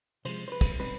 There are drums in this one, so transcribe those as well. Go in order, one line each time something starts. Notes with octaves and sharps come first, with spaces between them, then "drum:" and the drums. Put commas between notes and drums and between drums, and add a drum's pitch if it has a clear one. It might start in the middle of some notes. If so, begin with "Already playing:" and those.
C3 F3 G#3 C5, drum: cymbal
C5
B4
drum: kick, cymbal
B2 G3 C4 D#4 B4